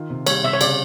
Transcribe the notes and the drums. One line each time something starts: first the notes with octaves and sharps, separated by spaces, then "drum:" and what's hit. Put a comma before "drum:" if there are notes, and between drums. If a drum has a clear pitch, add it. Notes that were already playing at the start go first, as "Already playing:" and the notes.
Already playing: D#3 F4
C3
G3 C#5, drum: cymbal
C3 E5
C#5
C#3 D5, drum: cymbal